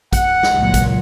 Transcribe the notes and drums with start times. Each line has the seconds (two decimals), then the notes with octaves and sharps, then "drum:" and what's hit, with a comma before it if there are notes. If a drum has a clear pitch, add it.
0.13 F#5, drum: kick, hi-hat
0.43 drum: snare
0.55 C#2 A#2 F#3
0.74 drum: kick, hi-hat